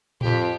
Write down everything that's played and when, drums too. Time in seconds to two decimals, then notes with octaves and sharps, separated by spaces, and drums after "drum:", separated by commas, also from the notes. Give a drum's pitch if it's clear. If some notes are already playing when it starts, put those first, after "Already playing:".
0.21 F2 G4, drum: tom A2